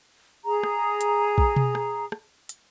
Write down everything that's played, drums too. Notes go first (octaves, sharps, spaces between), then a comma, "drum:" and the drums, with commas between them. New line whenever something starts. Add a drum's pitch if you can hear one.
G#4 A#5
drum: rim click
drum: hi-hat
drum: kick
drum: tom B2
drum: rim click
drum: rim click
drum: hi-hat